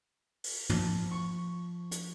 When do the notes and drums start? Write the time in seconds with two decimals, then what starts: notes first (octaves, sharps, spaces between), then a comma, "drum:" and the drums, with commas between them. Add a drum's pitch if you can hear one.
0.44 drum: open hi-hat
0.70 F3, drum: tom
1.11 C#6
1.92 drum: hi-hat